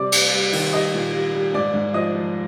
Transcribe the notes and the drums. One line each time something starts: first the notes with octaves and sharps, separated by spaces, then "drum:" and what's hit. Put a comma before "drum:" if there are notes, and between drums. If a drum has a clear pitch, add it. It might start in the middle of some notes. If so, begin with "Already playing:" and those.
Already playing: C3 G3 D5 D6
G3, drum: cymbal
G3
D#3, drum: open hi-hat
G3 D#5 D#6
A#2
G3
G3
G#2 D5 D6
G#2
F3 D#5 D#6
F3